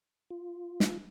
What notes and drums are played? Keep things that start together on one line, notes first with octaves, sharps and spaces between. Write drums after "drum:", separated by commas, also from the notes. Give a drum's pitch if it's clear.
F4
drum: snare